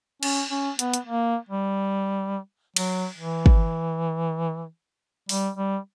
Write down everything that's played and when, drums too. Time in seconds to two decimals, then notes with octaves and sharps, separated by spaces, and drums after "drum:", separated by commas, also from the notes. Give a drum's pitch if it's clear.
0.23 C#4, drum: cymbal
0.51 C#4
0.79 B3, drum: hi-hat
0.94 drum: hi-hat
1.07 A#3
1.49 G3
2.76 F#3, drum: cymbal
3.18 E3
3.46 drum: kick
5.29 G3, drum: open hi-hat
5.58 G3